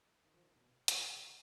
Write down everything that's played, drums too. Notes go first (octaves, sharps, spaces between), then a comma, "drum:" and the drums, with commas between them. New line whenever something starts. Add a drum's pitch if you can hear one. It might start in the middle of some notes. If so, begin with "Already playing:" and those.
D#3
F3
D#3
B2
B2, drum: hi-hat
C#3